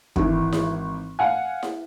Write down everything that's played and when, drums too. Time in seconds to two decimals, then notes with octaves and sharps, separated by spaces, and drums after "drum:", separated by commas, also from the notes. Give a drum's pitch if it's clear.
0.16 G#1 E3, drum: kick
0.53 drum: snare E4
1.19 F5 F#5 G#5
1.63 drum: snare E4